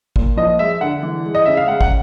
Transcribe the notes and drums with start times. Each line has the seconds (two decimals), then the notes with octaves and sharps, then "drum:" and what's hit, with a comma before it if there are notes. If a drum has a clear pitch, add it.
0.16 A#2, drum: kick
0.37 F3 D#5
0.59 G#3 E5
0.81 D3 F#5
1.03 E3
1.25 G#3
1.35 D#5
1.46 C#3 E5
1.57 F5
1.68 G#3 F#5
1.81 F#5, drum: kick